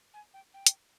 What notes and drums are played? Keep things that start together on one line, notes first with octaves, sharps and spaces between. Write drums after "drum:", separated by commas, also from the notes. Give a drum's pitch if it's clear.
G#5
G5
G5
drum: hi-hat